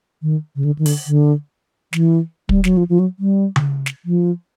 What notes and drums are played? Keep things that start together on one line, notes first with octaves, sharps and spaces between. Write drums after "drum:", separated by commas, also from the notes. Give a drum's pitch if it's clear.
D#3
C#3
D3
D#3
D3, drum: open hi-hat
D3
E3, drum: snare
G3, drum: kick
F#3, drum: snare
F3
F3
F#3
G3
drum: tom C#3
drum: snare
F3